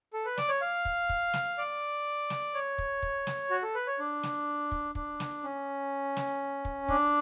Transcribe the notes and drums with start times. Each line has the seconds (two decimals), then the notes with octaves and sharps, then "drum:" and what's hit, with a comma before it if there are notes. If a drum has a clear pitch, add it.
0.13 A4
0.25 B4
0.37 D5, drum: snare
0.49 C#5
0.61 F5
0.85 drum: kick
1.09 drum: kick
1.34 drum: snare
1.58 D5
2.30 drum: snare
2.55 C#5
2.78 drum: kick
3.03 drum: kick
3.27 drum: snare
3.51 F#4
3.63 A4
3.75 B4
3.87 C#5
3.99 D4
4.23 drum: snare
4.72 drum: kick
4.95 D4, drum: kick
5.20 drum: snare
5.44 C#4
6.17 drum: snare
6.65 drum: kick
6.89 D4, drum: kick